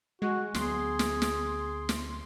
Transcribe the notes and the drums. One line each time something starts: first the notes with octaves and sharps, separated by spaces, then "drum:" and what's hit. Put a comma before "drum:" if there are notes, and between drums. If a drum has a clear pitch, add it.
G#3 F#4
D2 F#3 B3 G#4 C6, drum: snare
drum: snare
drum: snare
drum: snare